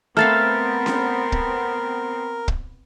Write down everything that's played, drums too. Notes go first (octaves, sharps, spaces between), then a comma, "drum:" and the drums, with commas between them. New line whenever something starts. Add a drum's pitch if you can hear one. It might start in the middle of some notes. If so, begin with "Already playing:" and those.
A3 B3 C4 A4 A#4 F5 F6 A6
drum: snare C#4
drum: kick
drum: kick